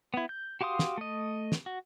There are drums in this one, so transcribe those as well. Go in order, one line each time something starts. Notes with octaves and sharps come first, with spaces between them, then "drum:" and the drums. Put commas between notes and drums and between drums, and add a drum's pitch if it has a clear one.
B3 E4
G6
F#4 G4 F5 C6 D#6
drum: snare
A3 D#5
drum: snare
F#4